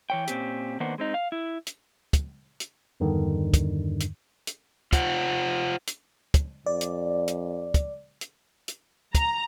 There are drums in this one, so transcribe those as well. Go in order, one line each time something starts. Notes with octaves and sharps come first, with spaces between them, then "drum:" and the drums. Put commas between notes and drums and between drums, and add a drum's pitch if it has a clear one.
E3 C#5 G5
A#2 C4 C#4 G4, drum: hi-hat
D#3 A#3 B3 D4 C5 F#5
G#3 C4 D#4
F5
E4
drum: hi-hat
drum: kick, hi-hat
drum: hi-hat
E2 G2 D3 D#3
drum: kick, hi-hat
drum: hi-hat
drum: hi-hat
F4 C5 F#5, drum: kick, hi-hat
drum: hi-hat
drum: kick, hi-hat
F2 D5
drum: hi-hat
drum: hi-hat
drum: kick, hi-hat
drum: hi-hat
drum: hi-hat
A#5, drum: kick, hi-hat